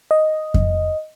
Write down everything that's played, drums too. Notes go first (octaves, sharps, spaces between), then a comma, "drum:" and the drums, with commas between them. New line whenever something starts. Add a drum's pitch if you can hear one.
D#5
drum: kick F2